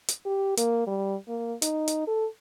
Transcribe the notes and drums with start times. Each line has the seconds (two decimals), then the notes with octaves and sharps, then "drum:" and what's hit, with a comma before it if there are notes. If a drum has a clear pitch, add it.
0.09 drum: hi-hat
0.25 G4
0.58 A#3, drum: hi-hat
0.87 G3
1.28 A#3
1.62 D#4, drum: hi-hat
1.88 drum: hi-hat
2.07 A4